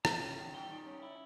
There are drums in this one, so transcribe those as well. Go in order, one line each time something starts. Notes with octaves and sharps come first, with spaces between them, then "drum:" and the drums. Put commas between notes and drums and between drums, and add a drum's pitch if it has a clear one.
D#3 A#5, drum: rim click
C#4
D#3
G3 G5
D#3
C#4
E4